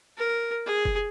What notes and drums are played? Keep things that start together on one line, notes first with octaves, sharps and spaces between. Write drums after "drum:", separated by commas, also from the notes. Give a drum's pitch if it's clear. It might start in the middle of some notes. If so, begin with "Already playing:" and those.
A#4
G#4
drum: kick F1